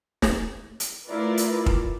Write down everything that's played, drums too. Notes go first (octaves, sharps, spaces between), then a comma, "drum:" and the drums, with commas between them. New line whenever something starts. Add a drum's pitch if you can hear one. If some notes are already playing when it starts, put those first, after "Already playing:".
drum: snare
drum: hi-hat
A3 E4 F4 A#4 B4 D5
drum: hi-hat
drum: kick